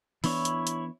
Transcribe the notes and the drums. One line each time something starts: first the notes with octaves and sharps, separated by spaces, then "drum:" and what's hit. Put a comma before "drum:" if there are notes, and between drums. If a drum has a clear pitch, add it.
E3 B3 D4 E4 C#5, drum: open hi-hat
drum: hi-hat
drum: hi-hat